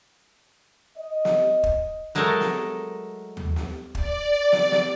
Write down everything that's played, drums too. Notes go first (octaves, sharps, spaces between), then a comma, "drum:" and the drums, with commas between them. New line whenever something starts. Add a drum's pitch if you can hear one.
D#5
drum: snare
drum: kick
F#3 G#3 A3 A4 A#4
drum: snare
drum: tom D#2
drum: snare
D5, drum: kick
drum: snare
drum: snare